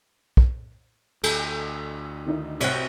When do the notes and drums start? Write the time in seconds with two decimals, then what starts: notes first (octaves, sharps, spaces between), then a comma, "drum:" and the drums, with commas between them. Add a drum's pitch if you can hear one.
0.37 drum: kick
1.23 D2 A4, drum: cymbal
2.26 D#3 D#4 E4
2.60 C2 F#4 C5 C#5, drum: cymbal